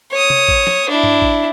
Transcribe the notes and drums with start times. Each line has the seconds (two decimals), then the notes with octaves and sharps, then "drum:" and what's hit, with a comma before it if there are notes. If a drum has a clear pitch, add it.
0.12 C#5 D#6
0.30 drum: tom C3
0.48 drum: kick A1
0.67 drum: snare
0.90 D4 E4
1.03 drum: tom G2
1.22 drum: kick A1